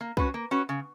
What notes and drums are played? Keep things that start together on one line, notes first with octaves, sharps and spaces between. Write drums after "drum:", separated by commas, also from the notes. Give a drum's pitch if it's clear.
A#3
C#4 F#4 B4, drum: kick
A#3
C#4 F#4 B4
C#3